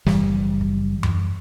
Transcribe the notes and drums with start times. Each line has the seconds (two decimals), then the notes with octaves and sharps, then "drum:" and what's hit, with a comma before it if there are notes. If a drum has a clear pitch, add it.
0.06 F#1 E3 G3, drum: snare
0.61 drum: kick
1.03 drum: tom F#2